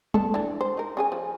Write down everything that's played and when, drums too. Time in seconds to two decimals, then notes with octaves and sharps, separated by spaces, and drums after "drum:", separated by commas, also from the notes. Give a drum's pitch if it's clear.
0.14 B3 D4 A4, drum: tom
0.34 E3 D4
0.61 C5
0.77 D#4 A#4
0.97 C#3 G#4 G#5
1.12 F3